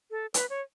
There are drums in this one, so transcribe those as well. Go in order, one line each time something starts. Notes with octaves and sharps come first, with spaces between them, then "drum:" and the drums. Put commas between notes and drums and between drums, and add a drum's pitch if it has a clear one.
A4
B4, drum: hi-hat
C#5